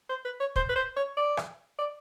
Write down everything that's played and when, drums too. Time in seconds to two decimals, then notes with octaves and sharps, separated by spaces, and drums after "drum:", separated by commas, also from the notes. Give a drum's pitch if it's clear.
0.09 C5
0.25 B4
0.40 C#5
0.56 C5, drum: kick
0.69 B4
0.75 C5
0.96 C#5
1.17 D5
1.37 drum: rim click
1.79 D5